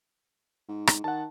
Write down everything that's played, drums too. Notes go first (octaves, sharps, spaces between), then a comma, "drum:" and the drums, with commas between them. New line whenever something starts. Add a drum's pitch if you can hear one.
G#2
drum: rim click
D#3 F#5 A5